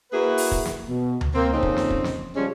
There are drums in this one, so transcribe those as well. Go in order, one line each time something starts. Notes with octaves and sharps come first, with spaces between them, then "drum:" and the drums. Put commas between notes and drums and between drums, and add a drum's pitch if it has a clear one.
A#3 E4 F#4 G#4 B4
drum: open hi-hat
drum: kick
drum: snare
B2
drum: tom D2
A#3 C4
F2 A#2 C#3 C4 C#4 D#4
drum: kick
drum: snare
drum: kick
drum: snare
C#3 F3 G3 G#3 C#4